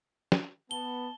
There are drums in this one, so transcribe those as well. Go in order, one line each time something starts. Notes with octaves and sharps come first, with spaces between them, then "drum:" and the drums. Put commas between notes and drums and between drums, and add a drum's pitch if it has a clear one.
drum: snare
B3 A5 G7